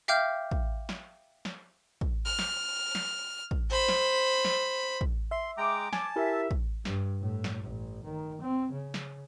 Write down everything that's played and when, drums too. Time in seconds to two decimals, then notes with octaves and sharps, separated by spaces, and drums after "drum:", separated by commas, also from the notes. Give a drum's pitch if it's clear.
0.08 E5 F5 G5 D6 F6 G6
0.51 drum: kick
0.89 drum: snare
1.45 drum: snare
2.01 drum: kick
2.26 F6
2.39 drum: snare
2.95 drum: snare
3.51 drum: kick
3.70 C5 B5
3.89 drum: snare
4.45 drum: snare
5.01 drum: kick
5.31 E5 C6
5.58 G#3 G5 A#5 D6
5.93 G#5 A5, drum: snare
6.16 E4 G4 A#4 E5
6.51 drum: kick
6.85 G2, drum: snare
7.21 A2
7.44 drum: snare
7.64 A1
8.04 D#3
8.41 C4
8.72 C#3
8.94 drum: snare